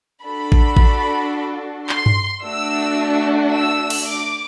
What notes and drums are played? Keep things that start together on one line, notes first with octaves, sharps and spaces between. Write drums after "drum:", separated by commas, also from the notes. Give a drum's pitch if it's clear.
D4 F#4 A4 B5
drum: kick A1
drum: kick A1
C6, drum: clap
drum: tom G2
A3 D4 F#4 E6
E6
drum: cymbal
D6